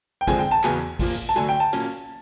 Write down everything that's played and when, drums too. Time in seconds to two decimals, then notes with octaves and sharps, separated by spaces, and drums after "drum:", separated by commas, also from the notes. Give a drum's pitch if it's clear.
0.21 G5
0.27 D3 F3 G#3 C4 G#5, drum: kick G#1, hi-hat
0.39 G5
0.51 A5
0.64 E2 C#3 F#3 B3 G#5, drum: clap
0.99 A#2 F3 A#3, drum: kick G#1, open hi-hat
1.29 A5
1.36 D3 F#3 A3 G#5, drum: hi-hat
1.49 G5
1.60 A5
1.73 A#2 F#3 A#3 C#4, drum: hi-hat